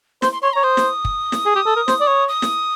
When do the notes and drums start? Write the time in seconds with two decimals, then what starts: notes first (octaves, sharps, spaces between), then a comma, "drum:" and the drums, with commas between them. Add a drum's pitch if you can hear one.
0.22 C5 C6, drum: snare
0.32 C6
0.42 C#5 C6
0.53 C#5 A#5
0.63 C5 D#6
0.77 drum: snare
1.05 drum: kick
1.32 drum: snare
1.46 G#4
1.56 G4
1.66 A4
1.76 A#4
1.88 C5, drum: snare
2.01 D5
2.07 C#5
2.28 D#6
2.42 drum: snare